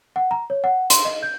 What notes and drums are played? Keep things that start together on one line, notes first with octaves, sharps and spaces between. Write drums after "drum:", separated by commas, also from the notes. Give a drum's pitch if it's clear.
F#5
A#5
C#5
F#5
C6, drum: hi-hat
D#5
G6